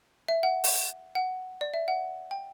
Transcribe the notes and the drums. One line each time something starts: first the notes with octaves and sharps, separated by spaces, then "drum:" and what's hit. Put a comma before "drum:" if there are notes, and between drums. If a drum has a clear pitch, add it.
E5
F#5
drum: open hi-hat
F#5
D5
E5
F#5
G5